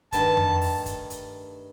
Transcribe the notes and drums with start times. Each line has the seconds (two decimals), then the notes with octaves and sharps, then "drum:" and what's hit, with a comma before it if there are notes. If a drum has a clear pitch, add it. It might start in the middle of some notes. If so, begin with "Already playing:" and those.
0.12 G2 D#3 A3 A5, drum: kick, hi-hat
0.37 drum: tom F2
0.61 drum: open hi-hat
0.86 drum: kick, hi-hat
1.10 drum: hi-hat